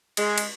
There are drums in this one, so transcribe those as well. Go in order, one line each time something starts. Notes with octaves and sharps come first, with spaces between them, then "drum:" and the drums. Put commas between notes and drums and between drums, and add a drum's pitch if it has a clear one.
G#3, drum: cymbal
drum: cymbal